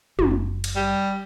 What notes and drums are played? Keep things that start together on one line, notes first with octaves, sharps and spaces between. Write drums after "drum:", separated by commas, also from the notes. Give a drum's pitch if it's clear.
F#1, drum: tom
drum: cymbal
G3